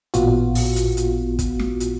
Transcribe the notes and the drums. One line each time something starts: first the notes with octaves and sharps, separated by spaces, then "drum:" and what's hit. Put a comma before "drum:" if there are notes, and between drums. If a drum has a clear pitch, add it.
A1 A#2 B3 F4 F#4, drum: hi-hat
drum: open hi-hat
drum: hi-hat
drum: hi-hat
drum: kick, hi-hat
drum: snare
drum: hi-hat